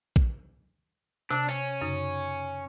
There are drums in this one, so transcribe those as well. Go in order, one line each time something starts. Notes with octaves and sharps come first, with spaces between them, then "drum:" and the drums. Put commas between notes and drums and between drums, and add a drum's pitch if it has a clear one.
drum: kick A#1
C3 D4, drum: hi-hat
C#4, drum: hi-hat
F#2 C#3 D#4